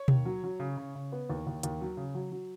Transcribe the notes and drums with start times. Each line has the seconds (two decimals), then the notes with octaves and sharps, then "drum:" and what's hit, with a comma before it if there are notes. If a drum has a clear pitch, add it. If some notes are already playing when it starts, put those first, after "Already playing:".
Already playing: C#5
0.08 D#2, drum: tom B2
0.25 F#3
0.44 F#3
0.60 C#3
0.77 C#3
0.95 C#3
1.12 B3
1.30 D#2
1.47 D#2
1.63 D#2, drum: hi-hat
1.81 F#3
1.97 C#3
2.15 F#3
2.32 F#3